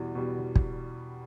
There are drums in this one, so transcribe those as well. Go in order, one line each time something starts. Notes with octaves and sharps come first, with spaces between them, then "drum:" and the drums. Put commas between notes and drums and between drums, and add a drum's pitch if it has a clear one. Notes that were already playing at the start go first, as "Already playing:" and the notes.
Already playing: E2 B2 G3
B2 G3
E2
drum: kick